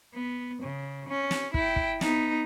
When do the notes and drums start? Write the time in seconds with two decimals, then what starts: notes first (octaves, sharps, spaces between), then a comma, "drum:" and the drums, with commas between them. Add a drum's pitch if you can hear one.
0.14 B3
0.62 C#3
1.09 C#4
1.31 drum: snare
1.54 E4 G5, drum: kick
1.76 drum: kick
2.01 B3 D#4, drum: snare